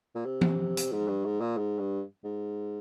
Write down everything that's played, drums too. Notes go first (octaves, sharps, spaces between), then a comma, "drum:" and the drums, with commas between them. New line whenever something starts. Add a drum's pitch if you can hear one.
A#2
C3
drum: tom E3
drum: hi-hat
G#2
G2
G#2
A#2
G#2
G2
G#2